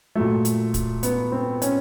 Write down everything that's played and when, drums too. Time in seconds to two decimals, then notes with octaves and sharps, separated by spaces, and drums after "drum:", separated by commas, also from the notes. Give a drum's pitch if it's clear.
0.15 A#2 F#3 A3
0.45 drum: hi-hat
0.74 drum: kick, hi-hat
1.03 B3, drum: hi-hat
1.32 C4
1.62 C#4, drum: hi-hat